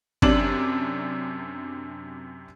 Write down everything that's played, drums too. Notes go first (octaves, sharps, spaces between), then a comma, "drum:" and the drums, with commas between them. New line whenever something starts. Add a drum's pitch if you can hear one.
F#2 C3 D4 F#7, drum: kick